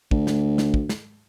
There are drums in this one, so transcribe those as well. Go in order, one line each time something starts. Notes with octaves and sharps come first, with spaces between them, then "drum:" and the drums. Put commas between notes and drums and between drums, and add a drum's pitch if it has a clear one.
D2, drum: kick
drum: snare
drum: snare
drum: kick
drum: snare